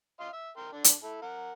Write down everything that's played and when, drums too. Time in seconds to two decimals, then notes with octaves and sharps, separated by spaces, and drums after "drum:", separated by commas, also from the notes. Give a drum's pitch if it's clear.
0.20 D#5 F5 C6
0.33 E5
0.57 A#4 G5 C6
0.72 D3 D4
0.84 drum: hi-hat
1.03 E4 A4
1.22 A#4 F#5